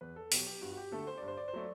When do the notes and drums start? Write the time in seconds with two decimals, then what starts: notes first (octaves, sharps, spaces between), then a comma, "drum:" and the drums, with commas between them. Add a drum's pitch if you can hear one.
0.01 E2 B4
0.16 A4
0.32 B2 F#3 G4, drum: open hi-hat
0.46 G4
0.62 G2 F#4
0.72 F#4
0.77 G4
0.92 D3 A3 A4
1.07 C5
1.18 G2 D5
1.28 C5
1.37 D5
1.48 C5
1.53 F#3 A3 D5